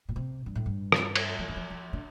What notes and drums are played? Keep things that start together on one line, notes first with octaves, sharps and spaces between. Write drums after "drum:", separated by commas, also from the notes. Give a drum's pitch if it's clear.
A#2
C3
G2
A2
G2
drum: rim click
drum: cymbal
F3
D#3
F3
F3
D3